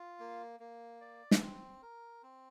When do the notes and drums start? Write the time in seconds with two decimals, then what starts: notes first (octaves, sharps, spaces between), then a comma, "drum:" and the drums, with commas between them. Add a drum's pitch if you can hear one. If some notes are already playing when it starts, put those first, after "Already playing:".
Already playing: F4
0.20 A#3
0.60 A#3
1.01 D5
1.31 drum: snare
1.42 C4
1.82 A#4
2.23 C4